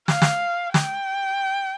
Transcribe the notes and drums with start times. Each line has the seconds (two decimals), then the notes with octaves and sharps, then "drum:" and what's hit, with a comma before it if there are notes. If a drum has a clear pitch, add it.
0.08 F5, drum: snare
0.22 drum: snare
0.74 G5, drum: snare